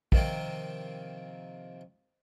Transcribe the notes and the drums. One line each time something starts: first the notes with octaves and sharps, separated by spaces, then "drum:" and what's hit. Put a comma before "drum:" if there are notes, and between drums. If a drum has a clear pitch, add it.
C3 D#3 F3 A#3 C4, drum: kick